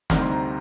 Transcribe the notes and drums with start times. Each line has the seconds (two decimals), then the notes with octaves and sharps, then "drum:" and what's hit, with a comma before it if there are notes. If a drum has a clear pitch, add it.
0.10 D2 C3 G3 C4 D#4 F6, drum: snare
0.21 C6
0.32 A#5